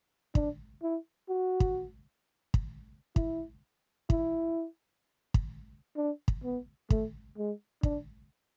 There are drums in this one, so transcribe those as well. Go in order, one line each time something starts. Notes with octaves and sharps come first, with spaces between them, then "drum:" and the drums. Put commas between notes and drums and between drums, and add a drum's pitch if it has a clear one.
D4, drum: kick
E4
F#4
drum: kick
drum: kick
E4, drum: kick
E4, drum: kick
drum: kick
D4
drum: kick
B3
A3, drum: kick
G#3
D4, drum: kick